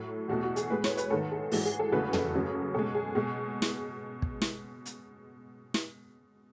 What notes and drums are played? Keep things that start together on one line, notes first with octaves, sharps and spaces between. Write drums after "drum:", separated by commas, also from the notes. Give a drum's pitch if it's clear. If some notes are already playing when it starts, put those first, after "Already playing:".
Already playing: A2 F#3 A3
E2 B2 A3 F#4
F#4
G#4, drum: hi-hat
A2 G#3 B4
C#5, drum: snare
B4, drum: hi-hat
G#2 D#3 A3 A4
G#4
G#2 E3 G#3 F#4, drum: open hi-hat
G#4
A4
E2 C#3 F#3 A3 B4
A4, drum: tom
F#2 C#3 F#3
B2 G#3 A4
G#4
B2 G#3 G#4
drum: snare
drum: kick
drum: snare
drum: hi-hat
drum: snare